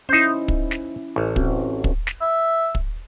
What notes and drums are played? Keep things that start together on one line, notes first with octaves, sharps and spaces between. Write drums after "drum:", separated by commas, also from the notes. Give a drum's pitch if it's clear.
C#4 D#4 E4 C5
drum: kick
drum: snare
A1
C4 C#4 F#4, drum: kick
drum: kick
drum: snare
E5
drum: kick